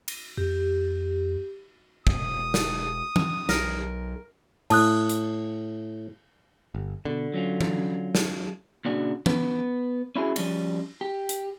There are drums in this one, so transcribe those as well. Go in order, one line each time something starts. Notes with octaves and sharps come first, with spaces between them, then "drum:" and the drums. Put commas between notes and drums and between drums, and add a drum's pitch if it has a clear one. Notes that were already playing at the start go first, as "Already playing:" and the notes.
drum: cymbal
F2 G4
E1 D#6, drum: kick
drum: snare
drum: tom
B1 A#4, drum: snare
A2 A5 D#6 F#6, drum: cymbal
drum: hi-hat
G1
B2 D3
F#3 C#4 F4
drum: tom E3
drum: snare
A#2 C#3 D4 F#4
B3, drum: tom E3
C#4 E4 F#4 G#4
F3 G3 C#4, drum: cymbal
G4
drum: hi-hat